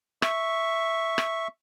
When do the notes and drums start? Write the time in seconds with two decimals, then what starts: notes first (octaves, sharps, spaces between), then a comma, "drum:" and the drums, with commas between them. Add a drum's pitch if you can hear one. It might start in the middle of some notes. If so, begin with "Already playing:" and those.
0.22 E5 C#6, drum: rim click
1.18 drum: rim click